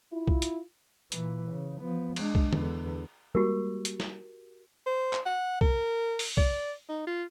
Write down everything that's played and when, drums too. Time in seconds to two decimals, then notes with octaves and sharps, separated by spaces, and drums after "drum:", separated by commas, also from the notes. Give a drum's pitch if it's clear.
0.12 E4 F4
0.27 drum: kick
0.42 drum: hi-hat
1.12 A#2 E3, drum: hi-hat
1.51 C#3
1.79 F3 B3
2.16 G#3 D4, drum: cymbal
2.35 drum: kick
2.53 E2 D3, drum: tom D3
3.35 G3 G#3 A#3 F#4 G4 A#4
3.85 drum: hi-hat
4.00 drum: snare
4.87 C5
5.13 drum: clap
5.26 F#5
5.61 A#4, drum: kick
6.19 drum: open hi-hat
6.37 D5, drum: kick
6.89 D#4
7.07 F4